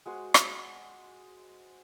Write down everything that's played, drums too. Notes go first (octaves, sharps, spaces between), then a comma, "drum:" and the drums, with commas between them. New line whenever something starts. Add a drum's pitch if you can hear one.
G#3 F#4 C5
drum: rim click